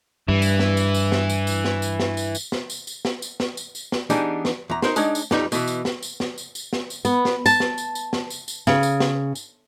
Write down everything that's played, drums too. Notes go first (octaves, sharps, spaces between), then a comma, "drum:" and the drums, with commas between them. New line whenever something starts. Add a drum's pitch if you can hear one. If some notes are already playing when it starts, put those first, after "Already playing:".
G2 E3
drum: tambourine
drum: snare
drum: tambourine
drum: tambourine
drum: snare
drum: tambourine
drum: tambourine
drum: snare
drum: tambourine
drum: snare
drum: tambourine
drum: tambourine
drum: snare
drum: tambourine
drum: tambourine
drum: snare
drum: tambourine
drum: snare
drum: tambourine
drum: tambourine
drum: snare
E3 G3 B3 D4 D#4 G#4, drum: tambourine
drum: snare
E2 A#5
D#4 A#4 C5, drum: snare
G#3 D4 D#4 C#5, drum: tambourine
drum: tambourine
F2 G3 D#4, drum: snare
B2 E3, drum: tambourine
drum: tambourine
drum: snare
drum: tambourine
drum: snare
drum: tambourine
drum: tambourine
drum: snare
drum: tambourine
B3, drum: tambourine
drum: snare
A5, drum: tambourine
drum: snare
drum: tambourine
drum: tambourine
drum: snare
drum: tambourine
drum: tambourine
C#3, drum: snare
drum: tambourine
drum: snare
drum: tambourine